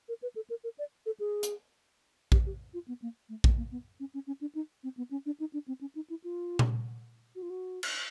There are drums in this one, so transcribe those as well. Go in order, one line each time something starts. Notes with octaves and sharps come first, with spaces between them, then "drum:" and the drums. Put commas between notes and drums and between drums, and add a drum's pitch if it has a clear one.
A#4
B4
A4
A#4
A#4
D5
A4
G#4
drum: hi-hat
G4, drum: kick A#1
G4
F4
B3
A#3
A3
A3, drum: kick A#1
A#3
B3
C#4
C#4
C#4
D4
D#4
C4
B3
C#4
D4
D#4
D4
C4
C#4
D#4
E4
F4
drum: tom A#2
F#4
F4
F#4
drum: cymbal